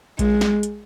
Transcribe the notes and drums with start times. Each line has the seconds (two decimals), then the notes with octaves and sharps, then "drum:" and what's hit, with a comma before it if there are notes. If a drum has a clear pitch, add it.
0.19 G#3, drum: kick A#1, hi-hat
0.41 drum: snare
0.63 drum: hi-hat